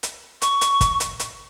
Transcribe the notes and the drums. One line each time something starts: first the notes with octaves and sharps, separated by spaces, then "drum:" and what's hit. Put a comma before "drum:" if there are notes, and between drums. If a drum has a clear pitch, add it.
drum: hi-hat
C#6, drum: hi-hat
drum: hi-hat
drum: kick, hi-hat
drum: hi-hat
drum: hi-hat